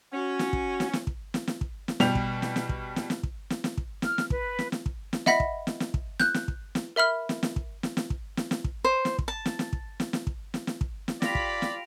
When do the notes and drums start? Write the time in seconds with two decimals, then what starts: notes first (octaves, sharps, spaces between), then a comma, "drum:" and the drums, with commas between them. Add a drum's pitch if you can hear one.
0.13 C#4 F#4
0.39 drum: snare
0.53 drum: kick
0.80 drum: snare
0.93 drum: snare
1.07 drum: kick
1.34 drum: snare
1.48 drum: snare
1.61 drum: kick
1.88 drum: snare
2.00 B2 G3 G4 F7, drum: snare
2.15 drum: kick
2.42 drum: snare
2.56 drum: snare
2.69 drum: kick
2.96 drum: snare
3.10 drum: snare
3.23 drum: kick
3.50 drum: snare
3.64 drum: snare
3.77 drum: kick
4.02 F6, drum: snare
4.18 drum: snare
4.30 B4, drum: kick
4.59 drum: snare
4.72 drum: snare
4.86 drum: kick
5.13 drum: snare
5.26 D#5 E5 F#5 B5 A#6 B6, drum: snare
5.40 drum: kick
5.67 drum: snare
5.80 drum: snare
5.94 drum: kick
6.20 F#6 G6, drum: snare
6.34 drum: snare
6.48 drum: kick
6.75 drum: snare
6.96 A#4 E5 B5 F6
7.29 drum: snare
7.43 drum: snare
7.56 drum: kick
7.83 drum: snare
7.97 drum: snare
8.10 drum: kick
8.37 drum: snare
8.51 drum: snare
8.64 drum: kick
8.84 C5
9.05 drum: snare
9.19 drum: kick
9.28 A5
9.46 drum: snare
9.59 drum: snare
9.73 drum: kick
10.00 drum: snare
10.13 drum: snare
10.27 drum: kick
10.54 drum: snare
10.67 drum: snare
10.81 drum: kick
11.08 drum: snare
11.22 F4 G4 D5 B5 A#6 B6 D7 F7, drum: snare
11.35 drum: kick
11.62 drum: snare